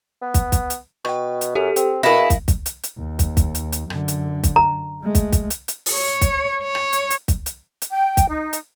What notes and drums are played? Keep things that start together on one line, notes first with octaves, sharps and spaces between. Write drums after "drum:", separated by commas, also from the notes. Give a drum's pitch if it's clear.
B3
drum: kick, hi-hat
drum: kick, hi-hat
drum: hi-hat
B2 G5 C#6, drum: rim click
drum: hi-hat
F#2 G4 A4
C4, drum: hi-hat
B2 E4 G#4 A#4 F5 A#6
drum: kick, hi-hat
drum: kick, hi-hat
drum: hi-hat
drum: hi-hat
D#2
drum: kick, hi-hat
drum: kick, hi-hat
drum: hi-hat
drum: hi-hat
F#2 D3, drum: rim click
drum: hi-hat
drum: kick, hi-hat
A#5
G#3 A3
drum: kick, hi-hat
drum: kick, hi-hat
drum: hi-hat
drum: hi-hat
drum: open hi-hat
C#5
drum: kick, hi-hat
C#5
drum: rim click
drum: hi-hat
drum: hi-hat
drum: kick, hi-hat
drum: hi-hat
drum: hi-hat
G5
drum: kick, hi-hat
D#4
drum: hi-hat